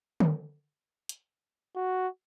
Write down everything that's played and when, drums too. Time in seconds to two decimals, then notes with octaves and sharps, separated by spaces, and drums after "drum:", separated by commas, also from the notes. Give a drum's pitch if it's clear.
0.20 drum: tom D3
1.09 drum: hi-hat
1.76 F#4